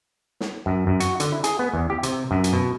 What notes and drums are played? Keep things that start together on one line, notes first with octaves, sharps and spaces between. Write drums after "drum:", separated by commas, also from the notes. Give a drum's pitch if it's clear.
drum: snare
F#2
F#2
F#4, drum: hi-hat
D3, drum: hi-hat
E4
G#4, drum: hi-hat
B3
E2
G4
C3, drum: hi-hat
F#2
drum: hi-hat
B2